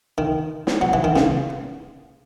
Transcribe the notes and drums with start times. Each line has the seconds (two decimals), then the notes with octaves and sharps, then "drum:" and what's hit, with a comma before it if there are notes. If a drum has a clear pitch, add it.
0.18 D#3
0.67 drum: snare
0.81 F#3
0.93 E3
1.04 D#3
1.16 C#3, drum: snare